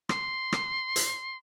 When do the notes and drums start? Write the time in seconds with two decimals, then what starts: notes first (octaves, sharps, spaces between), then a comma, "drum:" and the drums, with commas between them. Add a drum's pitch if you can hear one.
0.09 C6, drum: rim click
0.52 drum: rim click
0.96 drum: hi-hat